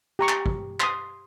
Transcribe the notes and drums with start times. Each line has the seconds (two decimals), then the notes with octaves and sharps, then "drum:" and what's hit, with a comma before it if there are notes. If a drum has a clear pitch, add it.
0.19 G4 A#5 C#6
0.28 drum: clap
0.46 drum: kick
0.80 C6 D#6, drum: clap